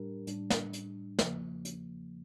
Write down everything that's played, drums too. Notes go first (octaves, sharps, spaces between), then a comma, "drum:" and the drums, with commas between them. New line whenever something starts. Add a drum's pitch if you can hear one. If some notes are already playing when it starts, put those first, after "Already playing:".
Already playing: A2 G3 D4 G4 A#4
A2 G3 D4, drum: hi-hat
drum: snare
drum: hi-hat
E2 C#3 F3 A#3, drum: snare
drum: hi-hat